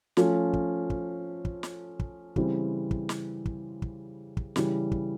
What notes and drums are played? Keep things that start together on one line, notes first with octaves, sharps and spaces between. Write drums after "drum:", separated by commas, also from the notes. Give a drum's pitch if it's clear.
F3 A3 C#4, drum: snare
drum: kick
drum: kick
drum: kick
drum: snare
drum: kick
C#3 E3 G3 C4, drum: kick
drum: kick
drum: snare
drum: kick
drum: kick
drum: kick
C#3 E3 G3, drum: snare
drum: kick